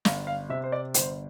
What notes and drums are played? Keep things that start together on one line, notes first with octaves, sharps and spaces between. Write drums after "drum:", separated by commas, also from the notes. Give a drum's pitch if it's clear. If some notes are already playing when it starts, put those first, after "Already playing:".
G1 F5, drum: snare
F5
C3 E5
C5
D5
G1 C5, drum: hi-hat